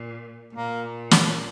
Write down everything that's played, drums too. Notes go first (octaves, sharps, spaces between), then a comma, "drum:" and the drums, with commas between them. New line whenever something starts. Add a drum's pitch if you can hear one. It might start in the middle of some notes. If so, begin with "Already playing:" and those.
Already playing: A#2
A#2 A#3
drum: snare